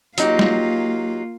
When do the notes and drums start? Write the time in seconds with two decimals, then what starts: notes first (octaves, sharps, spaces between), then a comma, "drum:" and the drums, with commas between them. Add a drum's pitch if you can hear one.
0.18 F#3 A#3 D#4 F4 G4, drum: hi-hat
0.39 drum: snare G3